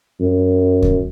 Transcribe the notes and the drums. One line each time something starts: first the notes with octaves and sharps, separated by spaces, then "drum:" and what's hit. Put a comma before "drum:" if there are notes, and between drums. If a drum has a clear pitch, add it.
F#2
drum: kick D2